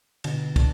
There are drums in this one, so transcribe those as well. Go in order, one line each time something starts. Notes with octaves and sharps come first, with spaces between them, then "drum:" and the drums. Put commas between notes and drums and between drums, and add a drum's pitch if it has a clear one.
B2 D3, drum: cymbal
D4, drum: kick, cymbal